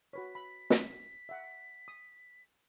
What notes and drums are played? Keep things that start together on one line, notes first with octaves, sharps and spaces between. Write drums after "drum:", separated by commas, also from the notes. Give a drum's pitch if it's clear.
F#4 B4 C#5 B6
B5
drum: snare
E5 F#5
D#6